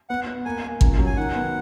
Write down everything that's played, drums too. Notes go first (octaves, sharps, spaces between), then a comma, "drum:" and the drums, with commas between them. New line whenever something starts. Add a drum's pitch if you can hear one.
B3 F#5
B3
A#3 G#5
A#3
C#2, drum: kick
F#3
G#5
D#3 F#5
B3